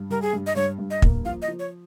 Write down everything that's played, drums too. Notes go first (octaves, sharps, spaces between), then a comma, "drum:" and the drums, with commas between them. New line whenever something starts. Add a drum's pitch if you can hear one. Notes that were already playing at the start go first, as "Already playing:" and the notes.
Already playing: G2
G3 A#4
G#4
G2
D#5
G2 C#5
G2
D#5
A#3, drum: kick
F3 F5
D#5
F3
C#5